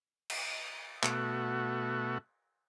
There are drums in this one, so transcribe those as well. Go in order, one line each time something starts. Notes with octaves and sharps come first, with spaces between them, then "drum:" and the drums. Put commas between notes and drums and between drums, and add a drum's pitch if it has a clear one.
drum: cymbal
B2 A3 F#4, drum: clap